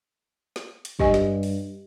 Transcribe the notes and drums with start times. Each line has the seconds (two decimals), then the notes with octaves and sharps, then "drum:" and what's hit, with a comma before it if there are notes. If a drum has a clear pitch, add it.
0.56 drum: snare
0.85 drum: hi-hat
0.99 G2 G4 D#5 G#5, drum: kick
1.14 drum: snare
1.43 drum: open hi-hat